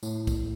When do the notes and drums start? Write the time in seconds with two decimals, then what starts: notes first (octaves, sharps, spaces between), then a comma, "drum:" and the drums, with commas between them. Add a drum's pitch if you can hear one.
0.03 A2, drum: tambourine
0.27 drum: kick, tambourine